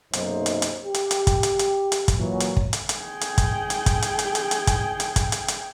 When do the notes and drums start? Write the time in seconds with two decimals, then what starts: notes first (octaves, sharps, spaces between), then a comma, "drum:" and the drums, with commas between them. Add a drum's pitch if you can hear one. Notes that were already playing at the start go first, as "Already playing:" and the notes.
0.13 B1 F#2 C3 A#3 D#4 C5, drum: hi-hat
0.46 drum: hi-hat
0.62 drum: hi-hat
0.84 G4
0.94 drum: hi-hat
1.11 drum: hi-hat
1.27 drum: kick, hi-hat
1.43 drum: hi-hat
1.59 drum: hi-hat
1.92 drum: hi-hat
2.08 drum: kick, hi-hat
2.18 A#2 E3 F#3
2.40 drum: hi-hat
2.57 drum: kick
2.73 drum: hi-hat
2.89 drum: hi-hat
3.00 G#4 G5
3.21 drum: hi-hat
3.38 drum: kick, hi-hat
3.70 drum: hi-hat
3.86 drum: kick, hi-hat
4.02 drum: hi-hat
4.19 drum: hi-hat
4.35 drum: hi-hat
4.51 drum: hi-hat
4.67 drum: kick, hi-hat
5.00 drum: hi-hat
5.16 drum: kick, hi-hat
5.32 drum: hi-hat
5.48 drum: hi-hat